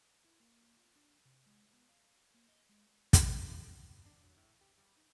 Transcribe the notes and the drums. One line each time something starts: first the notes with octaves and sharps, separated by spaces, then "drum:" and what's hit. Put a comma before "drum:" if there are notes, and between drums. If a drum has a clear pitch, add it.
E4
A#3
F4
D4
C3
G#3
B3
F5
A#3
D#5
G#3
drum: kick, hi-hat
F4
B2
E3
D4
F#3
A2
G4
G3
D#4